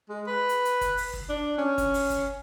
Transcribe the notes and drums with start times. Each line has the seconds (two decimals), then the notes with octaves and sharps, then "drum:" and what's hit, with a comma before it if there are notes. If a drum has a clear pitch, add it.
0.09 G#3
0.27 B4
0.49 drum: hi-hat
0.65 drum: hi-hat
0.81 drum: kick, hi-hat
0.97 drum: open hi-hat
1.13 drum: kick
1.30 D4
1.58 C#4
1.78 drum: kick, hi-hat
1.94 drum: open hi-hat
2.10 drum: kick, hi-hat